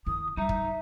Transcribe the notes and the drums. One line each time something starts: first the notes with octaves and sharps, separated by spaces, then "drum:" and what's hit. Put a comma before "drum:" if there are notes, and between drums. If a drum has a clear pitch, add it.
D#3 E4 D#6
G3 D#4 E5 A#5
drum: kick